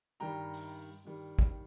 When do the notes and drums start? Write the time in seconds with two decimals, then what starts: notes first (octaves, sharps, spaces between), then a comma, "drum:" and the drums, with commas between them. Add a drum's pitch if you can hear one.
0.20 G2 D#3 G3 G5 A#5
0.53 drum: open hi-hat
1.05 G2 D#3 G3
1.39 drum: kick